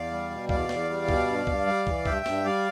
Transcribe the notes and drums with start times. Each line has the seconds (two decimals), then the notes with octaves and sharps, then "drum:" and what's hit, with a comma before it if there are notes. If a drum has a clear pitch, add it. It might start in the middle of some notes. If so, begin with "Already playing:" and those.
Already playing: E2 D5 F5
0.11 G3
0.30 B2
0.49 E2 D5 F5, drum: kick
0.69 E2, drum: snare
0.89 G3
1.09 B2, drum: kick
1.27 G2
1.47 G2, drum: kick
1.67 G3
1.87 E3, drum: kick
2.05 G2 E5 G5, drum: kick
2.26 G2, drum: snare
2.45 G3 D5 F5